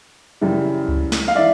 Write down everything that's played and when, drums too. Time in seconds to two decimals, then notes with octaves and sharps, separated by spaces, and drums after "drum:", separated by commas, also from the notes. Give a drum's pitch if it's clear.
0.41 F#2 C#3 E3 G3
0.89 drum: kick C#2
1.12 drum: snare
1.28 F5
1.35 E3 D5 E5